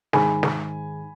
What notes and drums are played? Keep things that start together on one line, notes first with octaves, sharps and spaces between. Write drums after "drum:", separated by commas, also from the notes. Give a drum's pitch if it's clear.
G#2 D#3 G#3 G#5 B5, drum: snare
drum: snare